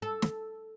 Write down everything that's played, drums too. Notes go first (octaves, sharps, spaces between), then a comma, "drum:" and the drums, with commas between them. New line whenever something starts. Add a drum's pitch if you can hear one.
A4
drum: snare